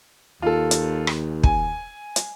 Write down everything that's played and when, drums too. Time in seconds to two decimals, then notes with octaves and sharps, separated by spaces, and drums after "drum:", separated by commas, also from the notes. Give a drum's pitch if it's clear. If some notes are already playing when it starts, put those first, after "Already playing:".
0.42 D#2 F4 A4
0.71 drum: hi-hat
1.07 drum: rim click
1.43 G#5, drum: kick
2.16 drum: hi-hat